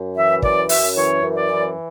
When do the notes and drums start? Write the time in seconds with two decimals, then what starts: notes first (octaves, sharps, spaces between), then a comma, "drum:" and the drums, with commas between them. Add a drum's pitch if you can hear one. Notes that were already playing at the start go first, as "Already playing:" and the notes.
Already playing: F#2
0.16 E3 E5
0.42 F#2 D5, drum: kick
0.69 F#2 E5, drum: open hi-hat
0.96 E3 C#5
1.23 F#2
1.37 D5
1.50 E3